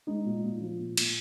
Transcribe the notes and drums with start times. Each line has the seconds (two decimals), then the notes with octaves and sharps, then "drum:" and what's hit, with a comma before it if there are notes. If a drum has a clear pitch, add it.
0.07 G#3 D#4
0.25 A#2
0.43 A#2
0.61 F3
0.79 A#2
0.97 A#2, drum: cymbal